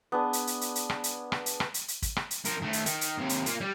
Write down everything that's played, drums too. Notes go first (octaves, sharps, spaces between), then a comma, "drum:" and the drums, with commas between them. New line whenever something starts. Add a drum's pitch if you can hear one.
B3 D4 G#4
drum: hi-hat
drum: hi-hat
drum: hi-hat
drum: hi-hat
drum: rim click
drum: hi-hat
drum: rim click
drum: hi-hat
drum: rim click
drum: hi-hat
drum: hi-hat
drum: kick, hi-hat
drum: rim click
drum: hi-hat
F3 A#4, drum: hi-hat
D#3 A3
drum: hi-hat
D#3, drum: hi-hat
drum: hi-hat
D#2 C3
drum: hi-hat
A#3 F4, drum: hi-hat
G3